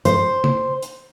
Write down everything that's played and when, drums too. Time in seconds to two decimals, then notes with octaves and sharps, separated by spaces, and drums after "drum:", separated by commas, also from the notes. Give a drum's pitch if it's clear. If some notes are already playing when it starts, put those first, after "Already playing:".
0.05 C5, drum: hi-hat
0.44 drum: tom
0.83 drum: hi-hat